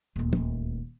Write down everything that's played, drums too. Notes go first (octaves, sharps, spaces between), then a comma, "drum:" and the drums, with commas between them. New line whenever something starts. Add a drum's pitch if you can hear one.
D#1 D2
drum: tom